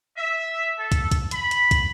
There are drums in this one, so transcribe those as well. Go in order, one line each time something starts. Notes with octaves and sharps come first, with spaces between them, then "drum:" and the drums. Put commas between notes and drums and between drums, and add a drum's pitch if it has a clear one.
E5
A4
drum: kick, hi-hat
drum: kick, hi-hat
B5, drum: hi-hat
drum: hi-hat
drum: kick, hi-hat